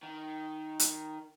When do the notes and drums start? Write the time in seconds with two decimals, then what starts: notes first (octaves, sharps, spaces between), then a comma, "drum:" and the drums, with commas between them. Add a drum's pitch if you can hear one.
0.03 D#3
0.79 drum: hi-hat